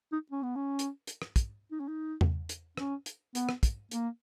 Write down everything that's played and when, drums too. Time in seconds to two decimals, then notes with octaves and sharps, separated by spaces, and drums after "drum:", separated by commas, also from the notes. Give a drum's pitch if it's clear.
0.12 D#4
0.32 C#4
0.43 B3
0.56 C#4
0.79 drum: hi-hat
1.07 drum: hi-hat
1.22 drum: rim click
1.36 drum: kick, hi-hat
1.72 D#4
1.80 C#4
1.88 D#4
2.21 drum: tom E2
2.49 drum: hi-hat
2.77 C#4, drum: rim click
3.06 drum: hi-hat
3.35 B3, drum: hi-hat
3.49 drum: rim click
3.63 drum: kick, hi-hat
3.91 A#3, drum: hi-hat